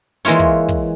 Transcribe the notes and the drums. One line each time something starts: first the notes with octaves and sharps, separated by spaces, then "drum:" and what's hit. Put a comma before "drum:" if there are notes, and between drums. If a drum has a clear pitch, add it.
E3 G#3 A#3 F4 C#5
drum: kick, hi-hat
drum: kick, hi-hat